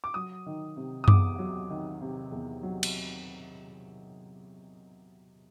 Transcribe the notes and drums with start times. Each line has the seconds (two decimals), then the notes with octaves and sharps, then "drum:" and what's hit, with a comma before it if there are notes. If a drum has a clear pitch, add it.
0.04 D6
0.14 F#3 D#6
0.46 D#3
0.77 C3
1.04 D#6
1.08 E2 D6, drum: tom F#2
1.39 F#3
1.70 D#3
2.01 C3
2.32 E2
2.63 F#3
2.83 drum: cymbal